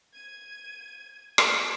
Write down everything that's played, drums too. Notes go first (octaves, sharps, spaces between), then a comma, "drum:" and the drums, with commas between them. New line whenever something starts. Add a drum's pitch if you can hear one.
G#6 D#7
drum: rim click